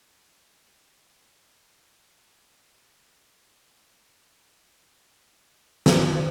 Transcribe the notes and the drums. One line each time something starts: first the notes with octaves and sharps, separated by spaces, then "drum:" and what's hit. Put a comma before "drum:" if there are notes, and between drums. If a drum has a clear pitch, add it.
A#2 B5
A2 D#3 E5
A#3 B3 F5 C#6
E3 G#3 B3
F4 G#5
C#4 D#4 E6
C#5 A5 B5
E4
F#4 D#5
drum: snare